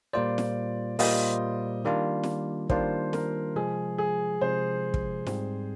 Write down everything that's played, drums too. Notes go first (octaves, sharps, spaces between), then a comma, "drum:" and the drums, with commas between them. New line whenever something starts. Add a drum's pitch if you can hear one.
A#2 G3 A#3 F4 C5 D5
drum: snare
A#2 G3 A#3 F4 C5 D#5, drum: open hi-hat
D#3 G3 A#3 D4 F4
drum: snare
D#3 G3 A#3 D4 F4 C5, drum: kick
A#4, drum: snare
C3 F3 G#3 G#4
G#4
C3 F3 G#3 C5
drum: kick
G#2 G3 C4, drum: snare